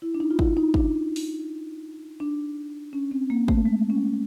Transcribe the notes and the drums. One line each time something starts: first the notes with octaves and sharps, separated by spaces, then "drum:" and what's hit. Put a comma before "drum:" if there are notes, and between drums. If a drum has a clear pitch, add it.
E4
D4
D#4
F4
E4, drum: kick
D#4
D4, drum: kick
drum: open hi-hat
D4
C#4
C4
A#3
A3, drum: kick
G#3
C#4